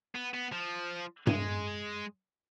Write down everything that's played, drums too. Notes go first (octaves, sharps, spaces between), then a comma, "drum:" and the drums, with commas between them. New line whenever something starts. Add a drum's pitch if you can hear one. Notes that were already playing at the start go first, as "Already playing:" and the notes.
B3
B3
F3
G#3, drum: tom G2